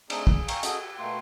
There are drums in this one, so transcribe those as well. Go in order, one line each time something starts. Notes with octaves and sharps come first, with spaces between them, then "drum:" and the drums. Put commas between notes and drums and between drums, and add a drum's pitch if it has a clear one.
A3 C4 D4 D#4 G#4, drum: cymbal
G#4, drum: kick
F5 G5 G#5 A#5 C#6 E6, drum: cymbal
F#4 G#4 A4 D#5, drum: hi-hat
G4
B2 A3 A#3 G5 C6